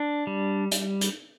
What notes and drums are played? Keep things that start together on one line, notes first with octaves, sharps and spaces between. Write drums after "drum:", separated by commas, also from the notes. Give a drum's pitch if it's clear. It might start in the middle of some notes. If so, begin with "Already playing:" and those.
Already playing: D4
G3
drum: hi-hat
drum: hi-hat